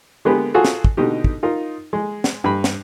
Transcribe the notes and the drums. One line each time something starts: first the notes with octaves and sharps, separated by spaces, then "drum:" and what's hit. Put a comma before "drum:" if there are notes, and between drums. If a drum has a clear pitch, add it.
D3 G#3 A#3 B3 G4 B4
F4 F#4 G#4 A4
drum: snare
drum: kick
B2 D3 D#4 G4
drum: kick
D#4 F4 A#4
G#3
drum: snare
G2 B5
drum: snare